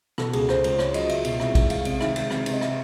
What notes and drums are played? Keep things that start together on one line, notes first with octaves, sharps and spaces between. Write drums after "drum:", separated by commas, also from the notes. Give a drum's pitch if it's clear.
B2 A4, drum: rim click
C#2 G#4, drum: cymbal
C#2 C5, drum: rim click
C#2, drum: cymbal
C#2 C#5, drum: rim click
F#3 D#5, drum: cymbal
C#2 E5, drum: cymbal
B2, drum: cymbal
C2 E5, drum: rim click
G#3, drum: kick, cymbal
G#3 F5, drum: cymbal
C3, drum: cymbal
D#3 E5, drum: rim click
G#3, drum: cymbal
C3 E5, drum: rim click
C3, drum: cymbal
D#5
E5, drum: rim click